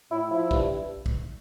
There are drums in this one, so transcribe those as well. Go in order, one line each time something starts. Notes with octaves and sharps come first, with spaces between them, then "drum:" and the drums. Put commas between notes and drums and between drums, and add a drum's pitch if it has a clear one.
A2 E4
F3 E4
G2, drum: kick
drum: kick